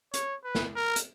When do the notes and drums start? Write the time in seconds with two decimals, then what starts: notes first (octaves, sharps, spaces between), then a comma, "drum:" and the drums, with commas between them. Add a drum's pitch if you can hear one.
0.14 C#5, drum: hi-hat
0.44 B4
0.55 drum: snare
0.75 A#4
0.96 drum: hi-hat